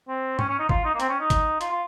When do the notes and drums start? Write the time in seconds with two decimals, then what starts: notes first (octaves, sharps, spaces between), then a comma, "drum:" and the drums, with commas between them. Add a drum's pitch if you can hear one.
0.08 C4
0.39 C#4, drum: tom
0.49 C#4
0.59 D#4
0.69 F4, drum: kick G#1
0.85 D#4
0.95 A#3
1.00 C4, drum: hi-hat
1.10 C#4
1.20 D#4
1.30 drum: kick G#1, hi-hat
1.61 F4, drum: hi-hat
1.71 F4